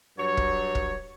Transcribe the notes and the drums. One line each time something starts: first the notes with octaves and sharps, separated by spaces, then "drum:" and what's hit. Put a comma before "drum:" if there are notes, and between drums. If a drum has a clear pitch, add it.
G2 F#3 C#5
drum: kick
drum: kick